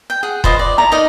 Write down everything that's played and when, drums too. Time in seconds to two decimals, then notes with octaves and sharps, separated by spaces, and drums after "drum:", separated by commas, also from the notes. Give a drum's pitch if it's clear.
0.10 G5
0.23 G#4 F#5
0.44 F4 B4 C5 D#5, drum: kick E1
0.59 D5
0.78 E4 A4 A#5
0.92 D#4 A#4 D5 D#5